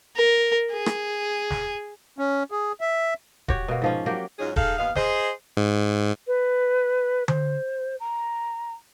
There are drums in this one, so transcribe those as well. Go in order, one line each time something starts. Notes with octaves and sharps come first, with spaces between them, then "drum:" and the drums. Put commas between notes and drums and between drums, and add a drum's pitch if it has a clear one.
A#4
G#4
drum: rim click
drum: snare
C#4
G#4
E5
F#4 G4 C#5, drum: kick D#1
B2 A#3
G#2 F3 C#4
F#3 A#3 G4
G#2 F#3 C#4 D#4 F4 G#4
D#4 G#4 A4 F5, drum: kick D#1
D#2 B3 D#4 F5
G#4 C5 D#5, drum: snare
G#2
B4
C5, drum: tom D3
A#5